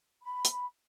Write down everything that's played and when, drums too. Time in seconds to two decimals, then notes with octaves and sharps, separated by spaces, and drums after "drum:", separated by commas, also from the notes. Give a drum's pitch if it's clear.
0.23 B5
0.45 drum: hi-hat